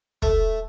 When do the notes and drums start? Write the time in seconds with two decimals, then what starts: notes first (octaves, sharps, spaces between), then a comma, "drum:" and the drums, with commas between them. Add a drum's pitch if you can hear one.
0.22 A3, drum: kick